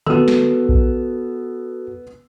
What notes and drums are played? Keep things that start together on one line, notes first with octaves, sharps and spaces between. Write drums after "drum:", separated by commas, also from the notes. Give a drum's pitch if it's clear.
B3 F#4 A4 E6, drum: tom D3
drum: snare
drum: kick A#1